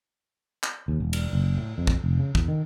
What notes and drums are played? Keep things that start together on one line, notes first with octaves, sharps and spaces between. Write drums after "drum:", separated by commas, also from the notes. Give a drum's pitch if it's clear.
drum: clap
D#2
E1
drum: cymbal
F#1
A2
F2
drum: kick
F1
C#3
E2, drum: kick
D#3